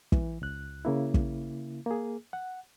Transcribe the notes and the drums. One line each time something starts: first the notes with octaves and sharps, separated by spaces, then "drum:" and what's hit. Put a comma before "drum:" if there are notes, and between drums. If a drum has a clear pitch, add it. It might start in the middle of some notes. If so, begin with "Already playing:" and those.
E3, drum: kick
C#2 F#6
C#3 A#3 E4
drum: kick
A#3 G#4
F#5